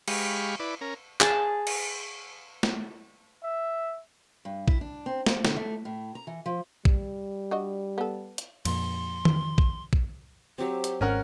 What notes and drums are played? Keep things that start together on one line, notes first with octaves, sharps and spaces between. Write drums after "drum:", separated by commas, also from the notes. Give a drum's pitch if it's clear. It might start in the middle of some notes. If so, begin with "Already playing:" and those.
G#3 G4 F5 B5 C#6, drum: cymbal
E4 B4 D5
C#4 A#4
G#4 A5, drum: clap
drum: cymbal
drum: snare
E5
G2
E4, drum: kick A#1
D4
C4
F3, drum: snare
D3, drum: snare
A3
A2
A#5
E3
F3
G3, drum: kick A#1
D4 F#4 D#5
B3 A4
drum: hi-hat
F2 A#2 C6, drum: cymbal
drum: tom D#3
drum: kick A#1
drum: kick A#1
F#3 C4 G4
drum: hi-hat
G#1 G#2 C#4 A#4 F#5